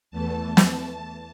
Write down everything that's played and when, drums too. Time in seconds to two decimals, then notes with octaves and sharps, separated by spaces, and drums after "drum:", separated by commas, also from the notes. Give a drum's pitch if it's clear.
0.11 E2 E3 A3 A5
0.57 drum: snare